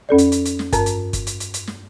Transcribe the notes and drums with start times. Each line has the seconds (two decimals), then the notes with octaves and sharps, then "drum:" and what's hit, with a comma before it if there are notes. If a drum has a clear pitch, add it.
0.09 F2 C#4 A4 D5
0.18 drum: hi-hat
0.32 drum: hi-hat
0.46 drum: hi-hat
0.59 drum: snare
0.73 G2 A#4 A5 A#5, drum: kick, hi-hat
0.86 drum: hi-hat
1.13 drum: kick, hi-hat
1.27 drum: hi-hat
1.40 drum: hi-hat
1.54 drum: hi-hat
1.67 drum: snare